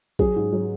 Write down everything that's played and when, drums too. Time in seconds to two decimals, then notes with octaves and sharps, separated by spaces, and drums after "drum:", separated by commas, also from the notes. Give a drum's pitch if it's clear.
0.19 F#3 G#4, drum: kick A1
0.36 G#2
0.52 F#3